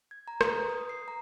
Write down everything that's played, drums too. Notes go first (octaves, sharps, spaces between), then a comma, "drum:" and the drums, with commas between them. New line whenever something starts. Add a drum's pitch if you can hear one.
G#6
A#5
D#6, drum: rim click
B4
D#6
C7
A#5